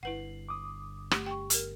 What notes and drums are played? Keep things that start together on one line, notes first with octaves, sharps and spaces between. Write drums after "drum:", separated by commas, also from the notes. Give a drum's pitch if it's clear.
G1 E4 B4 F#5 C7 F#7
D6 D#6
A3 G4, drum: rim click
G4 G5 C#6
G4 A#4 F6, drum: hi-hat